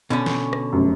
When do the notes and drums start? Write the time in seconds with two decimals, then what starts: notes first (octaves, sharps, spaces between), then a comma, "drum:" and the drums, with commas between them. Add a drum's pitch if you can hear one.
0.10 B2 D3 C#4
0.26 drum: snare
0.53 drum: rim click
0.72 F1 F#2